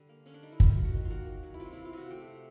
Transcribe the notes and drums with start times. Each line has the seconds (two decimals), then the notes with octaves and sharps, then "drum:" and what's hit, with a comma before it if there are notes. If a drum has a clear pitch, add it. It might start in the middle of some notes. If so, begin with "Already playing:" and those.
Already playing: D3 G3
0.09 A#3
0.26 D3 C#4
0.34 D4
0.43 G3 D#4
0.52 E4
0.60 D#3 F4, drum: kick
0.76 F#3
0.85 F#4
0.93 D#3
1.05 F4
1.10 A#3 F#4
1.26 D#3
1.43 F#3
1.54 E4
1.60 C3 F4
1.73 E3 E4
1.85 F4
1.93 C3 F#4
2.10 A3 G4
2.27 C3